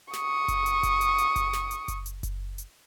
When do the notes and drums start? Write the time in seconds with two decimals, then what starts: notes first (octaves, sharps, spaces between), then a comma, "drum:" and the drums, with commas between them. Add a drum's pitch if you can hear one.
0.13 C#6 D#6, drum: snare
0.48 drum: kick F#1, hi-hat
0.66 drum: hi-hat
0.83 drum: kick F#1, hi-hat
1.01 drum: hi-hat
1.18 drum: hi-hat
1.36 drum: kick F#1, hi-hat
1.53 drum: snare
1.71 drum: hi-hat
1.88 drum: kick F#1, hi-hat
2.06 drum: hi-hat
2.23 drum: kick F#1, hi-hat
2.58 drum: hi-hat